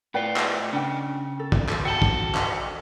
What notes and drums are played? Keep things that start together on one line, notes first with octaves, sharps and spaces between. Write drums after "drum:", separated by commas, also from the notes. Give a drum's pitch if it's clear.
A2 F4 B4 D5 G5
drum: clap
C#3 D4 G5
A4
drum: kick
drum: clap
F#4 A4 G5 A5
drum: kick
drum: clap